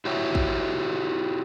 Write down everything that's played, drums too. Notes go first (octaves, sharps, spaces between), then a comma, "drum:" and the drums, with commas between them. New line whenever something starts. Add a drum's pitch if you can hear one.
E4 F#4 G4 C#5 E5
drum: kick